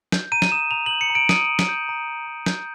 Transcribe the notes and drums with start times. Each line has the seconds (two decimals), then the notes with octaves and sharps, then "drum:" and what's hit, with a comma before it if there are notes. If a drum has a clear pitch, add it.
0.12 G6, drum: snare
0.32 A#5 D#7
0.42 drum: snare
0.52 D#6 E7
0.71 A#5 F7
0.86 G6 F#7
1.01 C#7
1.10 A#5
1.15 D7
1.29 D#6 D#7, drum: snare
1.49 A#5
1.59 drum: snare
1.69 G6
1.89 A#5
2.08 D#6
2.27 A#5
2.46 G6, drum: snare